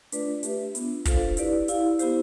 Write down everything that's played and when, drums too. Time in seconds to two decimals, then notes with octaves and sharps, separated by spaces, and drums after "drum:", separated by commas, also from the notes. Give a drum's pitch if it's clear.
0.12 A3 D4 F4 B4 D5, drum: hi-hat
0.43 A3 D4 G4 B4 E5, drum: hi-hat
0.75 B3 D4 F4, drum: hi-hat
1.05 D4 F4 A4 C5 F5, drum: kick, hi-hat
1.37 E4 G4 B4 D5, drum: hi-hat
1.68 E4 G4 D5 F5, drum: hi-hat
1.99 B3 E4 G4 C5, drum: hi-hat